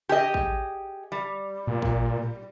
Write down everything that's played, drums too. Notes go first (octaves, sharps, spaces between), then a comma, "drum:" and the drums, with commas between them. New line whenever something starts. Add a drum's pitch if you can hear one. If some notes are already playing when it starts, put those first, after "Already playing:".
G4 G#4 D#5
drum: kick A1
G3
A#2
drum: kick A1